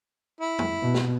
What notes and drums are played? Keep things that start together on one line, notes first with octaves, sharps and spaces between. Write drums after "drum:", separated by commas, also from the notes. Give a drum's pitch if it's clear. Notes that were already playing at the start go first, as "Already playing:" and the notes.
E4
drum: tom F2
B2
drum: snare